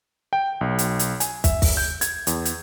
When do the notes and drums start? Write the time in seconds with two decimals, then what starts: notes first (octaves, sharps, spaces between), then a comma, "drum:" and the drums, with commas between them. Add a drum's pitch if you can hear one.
0.33 G5
0.61 B1
0.79 drum: hi-hat
0.99 drum: hi-hat
1.20 G#5, drum: hi-hat
1.44 E5, drum: kick, hi-hat
1.62 drum: kick, open hi-hat
1.77 G6
2.01 G#6, drum: hi-hat
2.27 E2, drum: hi-hat
2.45 drum: hi-hat